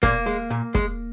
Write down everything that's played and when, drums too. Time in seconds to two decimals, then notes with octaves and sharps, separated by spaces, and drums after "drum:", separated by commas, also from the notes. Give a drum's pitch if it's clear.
0.03 A#2 A#3, drum: kick
0.26 G#3
0.50 A#2
0.75 G#3, drum: kick